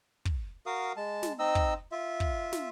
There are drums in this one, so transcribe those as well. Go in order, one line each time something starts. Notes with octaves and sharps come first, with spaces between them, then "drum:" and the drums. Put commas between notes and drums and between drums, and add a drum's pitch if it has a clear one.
drum: kick
F#4 A#4 F5 D#6
G#3 A5
drum: snare
C4 D#4 D#5 E6
drum: kick
F4 E5
drum: kick
drum: snare